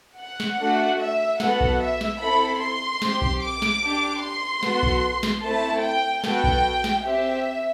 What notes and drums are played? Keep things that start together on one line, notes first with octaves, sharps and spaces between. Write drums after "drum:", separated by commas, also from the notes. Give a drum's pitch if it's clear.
F#5
drum: snare
A3 D4 F#4
E5
B3 F#4 A4 F#5, drum: snare
drum: kick B1
E5
drum: snare
C4 E4 A4 B5
C6
C4 G4, drum: snare
drum: kick B1
D6
drum: snare
D4 G4
C6
B3 F#4 A4, drum: snare
drum: kick B1
drum: snare
A3 C4 E4 A5
G5
B3 F#4 A4 G5, drum: snare
drum: kick B1
drum: snare
C4 G4 E5